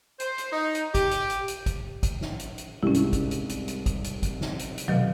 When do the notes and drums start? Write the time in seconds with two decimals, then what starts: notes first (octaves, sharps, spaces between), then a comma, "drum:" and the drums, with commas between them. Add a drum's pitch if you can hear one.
0.20 C5, drum: hi-hat
0.38 drum: hi-hat
0.53 D#4
0.75 drum: hi-hat
0.95 G4, drum: kick, hi-hat
1.11 drum: hi-hat
1.30 drum: hi-hat
1.48 drum: hi-hat
1.66 drum: kick, hi-hat
2.03 drum: kick, hi-hat
2.21 drum: snare
2.39 drum: hi-hat
2.58 drum: hi-hat
2.83 C2 G#2 C#4 E4
2.94 drum: hi-hat
3.13 drum: kick, hi-hat
3.31 drum: hi-hat
3.49 drum: hi-hat
3.68 drum: hi-hat
3.86 drum: kick, hi-hat
4.04 drum: hi-hat
4.23 drum: kick, hi-hat
4.41 drum: snare
4.59 drum: hi-hat
4.78 drum: hi-hat
4.88 F1 B2 D#3 F#3 F5